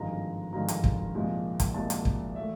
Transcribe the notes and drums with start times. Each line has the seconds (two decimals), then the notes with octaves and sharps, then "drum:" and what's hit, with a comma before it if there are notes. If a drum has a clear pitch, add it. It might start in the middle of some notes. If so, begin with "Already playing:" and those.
Already playing: G#1 G2 D3 F3 G#3 A#5
0.53 G#1 G2 D3 F3 G#3 A#5
0.68 drum: hi-hat
0.84 drum: kick
1.15 C2 A#2 F3 G#3
1.60 drum: kick, hi-hat
1.74 C2 A#2 F3 G#3 A5
1.90 drum: hi-hat
2.05 drum: kick
2.35 E3 A3 E5